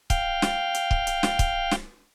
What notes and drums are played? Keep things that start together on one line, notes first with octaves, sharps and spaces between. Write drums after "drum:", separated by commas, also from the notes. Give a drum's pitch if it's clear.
F5 G5, drum: kick, hi-hat
drum: snare
drum: hi-hat
drum: kick
drum: hi-hat
drum: snare
drum: kick, hi-hat
drum: snare